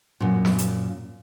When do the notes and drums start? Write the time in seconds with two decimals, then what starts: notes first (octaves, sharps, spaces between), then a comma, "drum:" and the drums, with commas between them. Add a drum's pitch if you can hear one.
0.20 F#2 A#2
0.45 drum: snare
0.58 drum: hi-hat